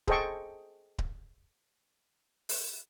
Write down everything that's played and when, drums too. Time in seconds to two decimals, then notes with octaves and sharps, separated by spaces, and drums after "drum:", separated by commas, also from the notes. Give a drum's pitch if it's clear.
0.08 G#4 A4 C5 D#5 G5 C#6, drum: kick D1
0.98 drum: kick D1
2.49 drum: open hi-hat